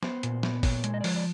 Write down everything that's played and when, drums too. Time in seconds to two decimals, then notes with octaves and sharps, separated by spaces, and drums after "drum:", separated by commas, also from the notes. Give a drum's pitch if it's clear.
0.03 B3 C5, drum: snare
0.23 A#2, drum: hi-hat
0.43 B3, drum: snare
0.63 A#2 C#5, drum: kick, open hi-hat
0.84 G#3, drum: hi-hat
0.94 D#5
1.01 D5
1.04 F3 C#5, drum: open hi-hat
1.16 D5